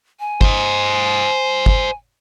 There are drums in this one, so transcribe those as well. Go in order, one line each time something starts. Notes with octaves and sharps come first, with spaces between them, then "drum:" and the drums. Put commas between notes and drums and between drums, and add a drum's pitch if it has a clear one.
G#5
C5 D#5, drum: kick
drum: kick